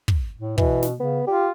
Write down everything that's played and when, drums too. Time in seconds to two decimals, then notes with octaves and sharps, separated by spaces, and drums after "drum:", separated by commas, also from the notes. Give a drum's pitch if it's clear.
0.08 drum: kick
0.39 A2
0.58 B2 E3, drum: kick
0.82 drum: snare
1.00 C#3 B3
1.27 F4 G4